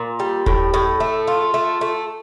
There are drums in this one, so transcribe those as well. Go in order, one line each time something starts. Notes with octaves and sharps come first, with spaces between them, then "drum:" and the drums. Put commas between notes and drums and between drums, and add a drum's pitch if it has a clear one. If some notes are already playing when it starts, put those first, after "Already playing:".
Already playing: A#2
G3
A2, drum: kick D#1
A2
A3
F4
A3
A3